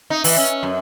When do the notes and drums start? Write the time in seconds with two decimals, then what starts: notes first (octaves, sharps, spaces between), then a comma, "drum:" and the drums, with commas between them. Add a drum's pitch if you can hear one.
0.10 D#4
0.24 E3, drum: open hi-hat
0.37 C#4
0.63 F#2